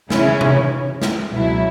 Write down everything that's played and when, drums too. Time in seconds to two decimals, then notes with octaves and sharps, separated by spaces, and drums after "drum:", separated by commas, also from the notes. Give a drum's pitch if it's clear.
0.10 C#3 E3 C#4 E4, drum: snare
0.41 drum: tom C3
1.02 drum: snare
1.32 C#2 B2 F#3 E4